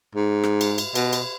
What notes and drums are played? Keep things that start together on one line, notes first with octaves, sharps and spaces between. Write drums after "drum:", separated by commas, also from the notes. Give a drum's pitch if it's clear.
G#2
drum: rim click
drum: cymbal
drum: cymbal
B2, drum: cymbal
drum: cymbal